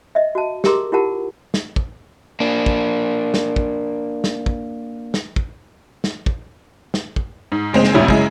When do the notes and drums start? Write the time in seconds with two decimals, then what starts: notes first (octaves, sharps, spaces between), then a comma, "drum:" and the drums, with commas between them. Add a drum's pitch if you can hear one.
0.15 D#5 E5
0.35 F#4 A5
0.64 G4 G#4 A#4 A#5 C6 D6, drum: snare
0.92 E4 F4 G4 A#4 F#5 A5
1.54 drum: snare
1.76 drum: kick
2.40 A#3 D4
2.66 drum: kick
3.34 drum: snare
3.56 drum: kick
4.24 drum: snare
4.46 drum: kick
5.14 drum: snare
5.36 drum: kick
6.04 drum: snare
6.26 drum: kick
6.94 drum: snare
7.16 drum: kick
7.52 G#2
7.73 F#1 G#3 C4 F7
7.84 drum: snare
7.94 A1 F2 C3 G3 E4 G#6
8.08 F#2 C#3 G#3 E4, drum: kick